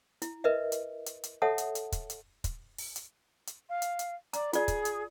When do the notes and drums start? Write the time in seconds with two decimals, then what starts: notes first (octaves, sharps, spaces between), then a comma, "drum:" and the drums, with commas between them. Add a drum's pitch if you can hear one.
0.22 E4, drum: hi-hat
0.44 A#4 B4 D#5 E5
0.72 drum: hi-hat
1.06 drum: hi-hat
1.24 drum: hi-hat
1.42 A4 C#5 E5 F#5 A5 D#6
1.58 drum: hi-hat
1.75 drum: hi-hat
1.92 drum: kick, hi-hat
2.10 drum: hi-hat
2.44 drum: kick, hi-hat
2.78 drum: open hi-hat
2.96 drum: hi-hat
3.47 drum: hi-hat
3.69 F5
3.82 drum: hi-hat
3.99 drum: hi-hat
4.33 D5 A#5, drum: hi-hat
4.53 F4 G#4 D5, drum: hi-hat
4.68 drum: kick, hi-hat
4.85 drum: hi-hat